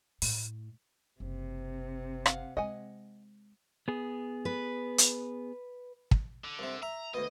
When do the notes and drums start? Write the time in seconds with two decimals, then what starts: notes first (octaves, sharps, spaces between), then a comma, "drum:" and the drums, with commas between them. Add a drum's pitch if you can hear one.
0.22 A2, drum: open hi-hat
1.20 F#1 C3
2.26 F5 F#5, drum: rim click
2.57 G#3 D#5 F#5 G#5
3.88 B3 G#4
4.45 B4
4.98 drum: hi-hat
6.11 drum: kick
6.44 D3
6.59 C2 C3
6.83 E5 A#5
7.14 D2 B2 D#5